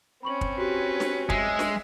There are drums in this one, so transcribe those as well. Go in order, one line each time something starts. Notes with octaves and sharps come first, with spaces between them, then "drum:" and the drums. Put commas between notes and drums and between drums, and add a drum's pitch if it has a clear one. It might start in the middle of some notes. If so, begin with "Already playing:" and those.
C4 C#4 B5 C#6 F#7
drum: kick
F#4 G4 B4
drum: snare
G#3 E5, drum: kick
drum: snare